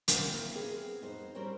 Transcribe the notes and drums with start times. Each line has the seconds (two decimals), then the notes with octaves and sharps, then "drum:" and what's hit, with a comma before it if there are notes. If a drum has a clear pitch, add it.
0.08 C4 D#4 A#4 F5 F#5 G#5, drum: hi-hat
0.26 A#3 C4 E4
0.55 B3 C4 G#4 A#4
1.02 F2 D#4 F#4 C5
1.35 G3 C4 C#4 A#4 C5 C#5